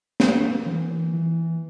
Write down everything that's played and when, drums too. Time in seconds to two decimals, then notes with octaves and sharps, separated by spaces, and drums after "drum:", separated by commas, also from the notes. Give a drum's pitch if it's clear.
0.20 A#3, drum: snare
0.66 E3
1.13 E3